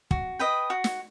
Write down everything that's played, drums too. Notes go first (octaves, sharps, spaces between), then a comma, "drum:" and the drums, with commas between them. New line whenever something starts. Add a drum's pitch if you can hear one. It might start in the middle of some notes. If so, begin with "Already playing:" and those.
F#4, drum: kick
B4 D#5 G5
F#4
drum: snare